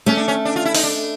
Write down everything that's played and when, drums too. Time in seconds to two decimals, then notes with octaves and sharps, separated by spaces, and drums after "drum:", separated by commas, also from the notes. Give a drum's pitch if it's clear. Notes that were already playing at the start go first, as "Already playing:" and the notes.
0.06 A3 C#4
0.17 D4
0.28 C#4
0.45 D4
0.56 F4
0.65 E4
0.75 D#4, drum: open hi-hat
0.84 D4